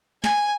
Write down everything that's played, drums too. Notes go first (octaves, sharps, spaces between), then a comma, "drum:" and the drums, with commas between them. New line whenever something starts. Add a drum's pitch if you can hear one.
G#5, drum: snare